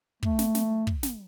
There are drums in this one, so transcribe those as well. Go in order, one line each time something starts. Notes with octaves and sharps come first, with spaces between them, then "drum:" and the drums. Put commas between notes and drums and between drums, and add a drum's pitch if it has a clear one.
A3, drum: kick
drum: snare
drum: snare
drum: kick
drum: snare